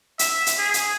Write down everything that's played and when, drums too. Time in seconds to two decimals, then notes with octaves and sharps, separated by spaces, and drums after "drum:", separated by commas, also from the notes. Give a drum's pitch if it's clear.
0.19 E5, drum: hi-hat
0.46 drum: hi-hat
0.59 G#4
0.74 drum: hi-hat